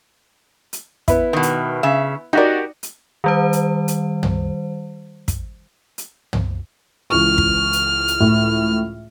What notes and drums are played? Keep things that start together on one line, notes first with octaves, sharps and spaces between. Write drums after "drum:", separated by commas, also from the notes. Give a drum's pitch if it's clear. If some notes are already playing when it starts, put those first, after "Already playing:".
drum: hi-hat
B3 E4, drum: kick, hi-hat
B2 D#3
drum: hi-hat
C#3 E5
D#4 F#4 G4 A#4 D5
drum: hi-hat
D#3 G3 C5
drum: hi-hat
drum: hi-hat
drum: tom
drum: kick, hi-hat
drum: hi-hat
drum: tom
C#2 E3 C#6 F6
drum: kick
drum: hi-hat
drum: hi-hat
A2